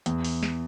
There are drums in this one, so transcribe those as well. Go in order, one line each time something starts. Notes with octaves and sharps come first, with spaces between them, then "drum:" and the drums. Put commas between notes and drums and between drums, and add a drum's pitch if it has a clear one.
E2, drum: hi-hat
drum: open hi-hat
drum: snare